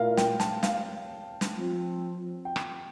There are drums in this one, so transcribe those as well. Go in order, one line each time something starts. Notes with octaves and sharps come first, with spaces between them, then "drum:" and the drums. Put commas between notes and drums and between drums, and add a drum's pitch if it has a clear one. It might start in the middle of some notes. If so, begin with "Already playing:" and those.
Already playing: A#2 A3 E4 A#4 F5
G5, drum: snare
A5, drum: snare
F5, drum: snare
drum: snare
F3 C4 F4
G5
drum: rim click